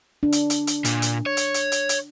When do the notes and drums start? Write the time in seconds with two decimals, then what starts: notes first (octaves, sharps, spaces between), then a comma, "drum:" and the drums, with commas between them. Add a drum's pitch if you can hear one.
0.23 D4
0.32 drum: hi-hat
0.50 drum: hi-hat
0.67 drum: hi-hat
0.85 A#2, drum: hi-hat
1.02 drum: hi-hat
1.26 C#5
1.37 drum: hi-hat
1.54 drum: hi-hat
1.72 drum: hi-hat
1.89 drum: hi-hat